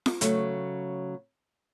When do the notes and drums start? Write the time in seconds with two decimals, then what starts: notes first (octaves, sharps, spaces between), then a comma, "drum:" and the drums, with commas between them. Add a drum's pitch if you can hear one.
0.06 drum: snare F4
0.21 C#3 F#3 A3, drum: hi-hat